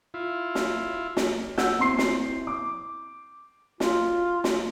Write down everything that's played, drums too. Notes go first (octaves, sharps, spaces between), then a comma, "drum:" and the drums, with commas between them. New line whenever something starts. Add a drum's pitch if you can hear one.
E4 F4
drum: snare
drum: snare
F#5 E6 G6, drum: snare
C4 E4 C6 C7
drum: snare
D6
F4, drum: snare
drum: snare